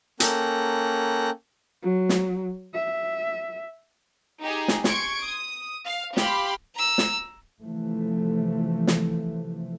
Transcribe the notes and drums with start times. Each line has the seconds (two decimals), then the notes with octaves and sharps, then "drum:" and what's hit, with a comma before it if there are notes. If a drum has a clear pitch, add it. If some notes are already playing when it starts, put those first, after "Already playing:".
0.20 A#3 C#4 A4 G5 A#5 F#6, drum: hi-hat
1.83 F#3
2.09 drum: snare
2.75 E5
4.42 D#4 G4 G#4
4.68 drum: snare
4.84 C6 C#6 G#6 D7, drum: snare
5.23 D#6
5.85 F5
6.17 G4 F5 B5 C6, drum: snare
6.75 A#5 E6
6.98 drum: snare
7.61 C3 E3 F3 A3
8.87 drum: snare